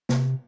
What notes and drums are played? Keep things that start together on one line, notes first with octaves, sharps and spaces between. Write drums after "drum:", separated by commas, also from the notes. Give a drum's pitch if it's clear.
C3, drum: snare